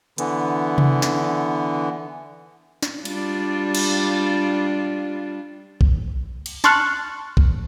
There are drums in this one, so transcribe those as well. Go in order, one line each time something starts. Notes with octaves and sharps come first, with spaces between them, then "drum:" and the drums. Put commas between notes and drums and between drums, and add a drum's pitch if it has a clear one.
D3 E3 B3, drum: hi-hat
drum: tom C3
drum: snare
drum: snare
G3 D4 F4, drum: cymbal
drum: cymbal
drum: kick
drum: cymbal
A5 C6 C#6 F6 F#6, drum: snare
drum: kick